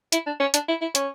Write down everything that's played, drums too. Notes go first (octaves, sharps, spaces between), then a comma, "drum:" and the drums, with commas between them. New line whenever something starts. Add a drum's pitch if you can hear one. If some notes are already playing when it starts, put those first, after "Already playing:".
E4, drum: hi-hat
D4
C#4
D4, drum: hi-hat
E4
E4
C#4, drum: hi-hat